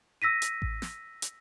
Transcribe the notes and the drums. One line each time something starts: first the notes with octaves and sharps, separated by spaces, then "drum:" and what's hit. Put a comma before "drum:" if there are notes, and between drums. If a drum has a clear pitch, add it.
E6 A#6 B6 D#7
drum: hi-hat
drum: kick A1
drum: snare
drum: hi-hat